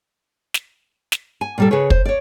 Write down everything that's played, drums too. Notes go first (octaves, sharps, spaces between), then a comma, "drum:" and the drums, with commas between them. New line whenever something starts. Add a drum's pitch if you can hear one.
drum: snare
drum: snare
G#5
A#2 G3 A4
C#3 G#4 B4 C#5
C5, drum: kick
C#5 D5